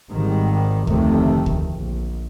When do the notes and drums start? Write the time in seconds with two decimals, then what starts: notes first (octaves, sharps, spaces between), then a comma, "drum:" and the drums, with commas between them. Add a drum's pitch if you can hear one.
0.12 G#1 G#2 D#3 G3
0.87 F1 D2 C3 D#3 A3, drum: kick
1.46 drum: kick
1.72 A#1